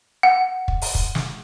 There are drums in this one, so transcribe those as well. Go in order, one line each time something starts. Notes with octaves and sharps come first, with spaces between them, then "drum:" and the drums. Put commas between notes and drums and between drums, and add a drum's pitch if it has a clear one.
F#5
drum: kick
drum: open hi-hat
drum: kick
drum: snare